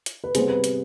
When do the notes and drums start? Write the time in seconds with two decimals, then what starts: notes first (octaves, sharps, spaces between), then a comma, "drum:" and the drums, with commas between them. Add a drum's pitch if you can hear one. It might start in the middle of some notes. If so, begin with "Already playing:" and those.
0.06 drum: hi-hat
0.24 B4
0.35 C3 G3 B3 G#4 C5, drum: hi-hat
0.49 B4
0.64 drum: hi-hat